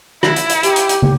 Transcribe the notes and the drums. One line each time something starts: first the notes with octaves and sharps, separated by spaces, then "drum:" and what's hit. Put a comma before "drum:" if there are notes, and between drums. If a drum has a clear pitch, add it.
E4, drum: rim click
drum: hi-hat
drum: hi-hat
G4, drum: hi-hat
drum: hi-hat
drum: hi-hat
drum: tom